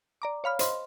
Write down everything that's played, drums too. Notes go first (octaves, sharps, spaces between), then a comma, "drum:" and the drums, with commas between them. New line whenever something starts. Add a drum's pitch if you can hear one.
D5 A#5 D6
C#5 F5 B5 F6
C5 D#5 C6, drum: hi-hat